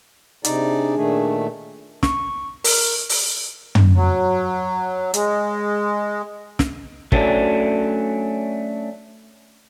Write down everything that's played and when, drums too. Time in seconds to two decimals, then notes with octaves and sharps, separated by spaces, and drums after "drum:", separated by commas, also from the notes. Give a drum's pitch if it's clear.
0.44 C3 D4 D#4 G#4 D5, drum: hi-hat
0.96 A#2 D#3 A3
2.03 C#6, drum: snare
2.64 A#4, drum: open hi-hat
3.09 drum: open hi-hat
3.75 drum: tom
3.96 F#3
5.14 G#3, drum: hi-hat
6.59 drum: snare
7.12 F#3 A3 C#4 D4, drum: kick